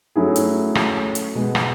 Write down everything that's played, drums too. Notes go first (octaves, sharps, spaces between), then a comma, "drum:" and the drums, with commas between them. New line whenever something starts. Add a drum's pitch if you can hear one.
F#3 A3 C#4 E4 G#4
drum: hi-hat
drum: rim click
drum: hi-hat
B2 G#3 B3
drum: rim click